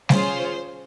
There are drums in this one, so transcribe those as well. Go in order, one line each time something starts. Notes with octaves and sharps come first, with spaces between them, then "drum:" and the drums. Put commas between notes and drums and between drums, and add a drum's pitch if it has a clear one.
C#4 F4 G#4 C5, drum: snare G3